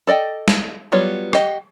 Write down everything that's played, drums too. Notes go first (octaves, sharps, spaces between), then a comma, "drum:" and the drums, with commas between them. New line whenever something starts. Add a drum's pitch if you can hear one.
A4 D5 D#5 G5
drum: snare
F#3 G3 B3 F4 C#5
G4 D#5 F#5, drum: rim click